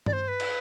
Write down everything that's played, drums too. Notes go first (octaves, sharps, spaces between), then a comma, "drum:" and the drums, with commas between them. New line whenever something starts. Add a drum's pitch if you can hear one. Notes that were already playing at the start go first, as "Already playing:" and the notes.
D5, drum: tom G2
C5
B4
drum: cymbal